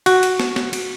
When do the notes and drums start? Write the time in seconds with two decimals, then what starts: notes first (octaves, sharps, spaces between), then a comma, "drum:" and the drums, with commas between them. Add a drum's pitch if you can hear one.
0.06 F#4, drum: cymbal
0.23 drum: cymbal
0.40 drum: snare
0.56 drum: snare
0.73 drum: cymbal